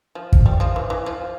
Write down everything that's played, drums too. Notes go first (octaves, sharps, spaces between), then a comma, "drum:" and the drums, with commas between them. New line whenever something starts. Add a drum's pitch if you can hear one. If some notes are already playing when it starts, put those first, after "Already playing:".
F3
drum: kick
G3
F3
E3
E3
F3